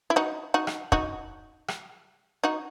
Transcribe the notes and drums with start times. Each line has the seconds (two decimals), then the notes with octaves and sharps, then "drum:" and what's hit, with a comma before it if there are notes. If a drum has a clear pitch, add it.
0.10 E4
0.16 D#4 F#4
0.54 D#4 F#4
0.67 drum: rim click
0.92 D#4 F#4, drum: kick
1.68 drum: rim click
2.44 D#4 F#4